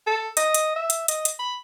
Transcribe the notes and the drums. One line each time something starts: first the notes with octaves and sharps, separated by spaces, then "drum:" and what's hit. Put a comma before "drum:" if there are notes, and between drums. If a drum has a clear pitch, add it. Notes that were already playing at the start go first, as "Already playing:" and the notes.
A4
D#5, drum: hi-hat
drum: hi-hat
E5
drum: hi-hat
D#5, drum: hi-hat
drum: hi-hat
B5